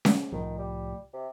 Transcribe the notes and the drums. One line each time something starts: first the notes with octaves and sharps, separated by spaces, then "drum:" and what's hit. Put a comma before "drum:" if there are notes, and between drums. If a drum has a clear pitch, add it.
drum: snare C#4
C2 A2 D#3 F3
G3
C3